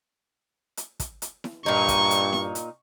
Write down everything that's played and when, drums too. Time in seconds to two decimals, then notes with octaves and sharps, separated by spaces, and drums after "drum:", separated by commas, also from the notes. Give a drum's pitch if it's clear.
0.77 drum: hi-hat
1.00 drum: kick, hi-hat
1.22 drum: hi-hat
1.44 drum: snare E4
1.66 G2 A#2 D#4 C#6
1.88 drum: kick, hi-hat
2.11 drum: hi-hat
2.33 drum: snare E4
2.55 drum: hi-hat